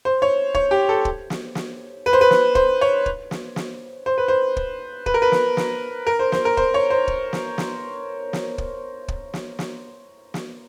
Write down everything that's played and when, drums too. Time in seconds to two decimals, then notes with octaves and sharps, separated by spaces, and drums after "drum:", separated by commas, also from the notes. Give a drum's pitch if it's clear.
0.05 C5
0.22 C#5
0.55 C#5, drum: kick
0.71 G4
0.89 A4
1.05 drum: kick
1.30 drum: snare
1.55 drum: snare
2.06 B4
2.13 C5
2.21 B4
2.31 drum: snare
2.55 C5, drum: kick
2.81 C#5
3.06 drum: kick
3.31 drum: snare
3.56 drum: snare
4.06 C5
4.18 B4
4.28 C5
4.57 drum: kick
5.06 B4, drum: kick
5.14 A#4
5.22 B4
5.32 drum: snare
5.57 drum: snare
6.07 A#4
6.19 C5
6.32 C5, drum: snare
6.45 A#4
6.57 C5, drum: kick
6.74 C#5
6.90 C5
7.08 drum: kick
7.33 drum: snare
7.58 drum: snare
8.33 drum: snare
8.58 drum: kick
9.08 drum: kick
9.34 drum: snare
9.59 drum: snare
10.34 drum: snare